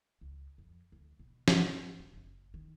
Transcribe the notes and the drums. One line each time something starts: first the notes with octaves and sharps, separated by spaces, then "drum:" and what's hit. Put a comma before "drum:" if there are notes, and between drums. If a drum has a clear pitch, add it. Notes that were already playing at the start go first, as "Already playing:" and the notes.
C#2
F2
D2
B2
G#1, drum: snare
G3
F#1
D#3